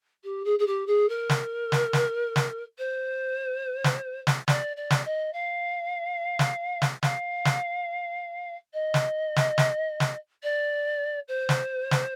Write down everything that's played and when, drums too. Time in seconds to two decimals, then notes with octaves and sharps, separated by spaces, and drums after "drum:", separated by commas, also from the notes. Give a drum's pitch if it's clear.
0.23 G4
0.45 G#4
0.59 G#4
0.66 G4
0.87 G#4
1.09 A#4
1.29 drum: snare
1.72 drum: snare
1.93 drum: snare
2.36 drum: snare
2.78 C5
3.84 drum: snare
4.27 drum: snare
4.48 D5, drum: snare
4.76 D5
4.90 drum: snare
5.05 D#5
5.33 F5
6.39 drum: snare
6.82 drum: snare
7.03 F5, drum: snare
7.45 drum: snare
8.73 D#5
8.94 drum: snare
9.36 drum: snare
9.58 drum: snare
10.00 drum: snare
10.43 D5
11.28 C5
11.49 drum: snare
11.91 drum: snare